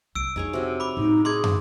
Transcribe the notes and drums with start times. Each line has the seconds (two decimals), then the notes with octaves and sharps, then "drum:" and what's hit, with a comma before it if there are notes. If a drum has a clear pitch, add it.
0.15 C2 E6 D7
0.36 F2 D4 D#4 G#4 C#5
0.53 C3 F#3
0.80 B5 D6
0.97 A2 D#4
1.25 D#4 G#4 C6 D6 G#6
1.44 drum: tom